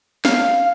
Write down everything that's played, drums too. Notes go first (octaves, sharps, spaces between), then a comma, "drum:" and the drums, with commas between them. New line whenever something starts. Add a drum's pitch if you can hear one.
F5, drum: snare